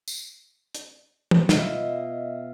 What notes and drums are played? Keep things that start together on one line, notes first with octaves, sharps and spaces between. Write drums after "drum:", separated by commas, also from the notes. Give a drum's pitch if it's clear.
drum: tambourine
drum: hi-hat
drum: tom
B2 F4 D#5 E5, drum: snare